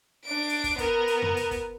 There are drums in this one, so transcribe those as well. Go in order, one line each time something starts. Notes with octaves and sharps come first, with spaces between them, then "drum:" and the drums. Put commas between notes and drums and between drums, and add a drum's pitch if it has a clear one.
D4 D7
drum: hi-hat
drum: kick, hi-hat
B3 A#4, drum: kick, hi-hat
drum: hi-hat
drum: tom F2
drum: hi-hat
drum: kick, hi-hat